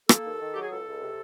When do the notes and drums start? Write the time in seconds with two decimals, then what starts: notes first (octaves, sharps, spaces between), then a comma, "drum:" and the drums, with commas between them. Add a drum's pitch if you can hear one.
0.09 A#3 A4, drum: rim click
0.25 D#2
0.40 D#3
0.53 F#3 G4
0.61 G#4
0.70 C#2 A4
0.86 C#2
1.01 C3